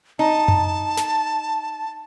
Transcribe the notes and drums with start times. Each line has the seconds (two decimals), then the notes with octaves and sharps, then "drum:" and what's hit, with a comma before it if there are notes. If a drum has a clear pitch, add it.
0.19 D#4 A5
0.48 drum: tom F#2
0.97 drum: snare